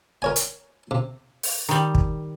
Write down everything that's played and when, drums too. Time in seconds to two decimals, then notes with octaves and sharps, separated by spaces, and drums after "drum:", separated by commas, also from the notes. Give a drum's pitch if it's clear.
0.22 A#4 C#5 G#5
0.36 drum: hi-hat
0.91 C3
1.43 drum: open hi-hat
1.69 D#3 G3
1.95 drum: kick